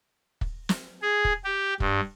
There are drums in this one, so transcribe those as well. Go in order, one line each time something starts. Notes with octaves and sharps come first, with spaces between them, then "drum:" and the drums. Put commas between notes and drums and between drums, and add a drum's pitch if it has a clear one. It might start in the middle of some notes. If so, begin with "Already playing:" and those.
drum: kick
drum: snare
G#4
drum: kick
G4
G2, drum: kick